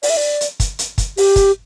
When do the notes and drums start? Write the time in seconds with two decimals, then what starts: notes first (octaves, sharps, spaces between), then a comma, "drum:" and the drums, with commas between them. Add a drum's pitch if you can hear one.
0.03 D5, drum: open hi-hat
0.10 E5
0.17 D5
0.41 drum: hi-hat
0.60 drum: kick, hi-hat
0.79 drum: hi-hat
0.98 drum: kick, hi-hat
1.17 G4, drum: open hi-hat
1.36 drum: kick, hi-hat